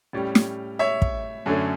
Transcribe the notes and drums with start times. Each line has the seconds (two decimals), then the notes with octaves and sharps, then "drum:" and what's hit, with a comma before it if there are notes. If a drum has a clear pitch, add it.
0.13 A2 G3 C#4
0.35 drum: snare
0.79 C#5 E5
1.02 drum: kick
1.46 F#2 D3 A3 C#4